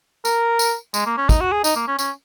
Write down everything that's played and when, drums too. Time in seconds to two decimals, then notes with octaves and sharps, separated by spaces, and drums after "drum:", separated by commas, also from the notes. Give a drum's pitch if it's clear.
0.25 A#4, drum: tambourine
0.59 drum: tambourine
0.94 G#3, drum: tambourine
1.06 A#3
1.18 C#4
1.29 D#4, drum: kick, tambourine
1.41 F#4
1.52 G#4
1.64 D#4, drum: tambourine
1.76 A#3
1.88 C#4
1.99 C#4, drum: tambourine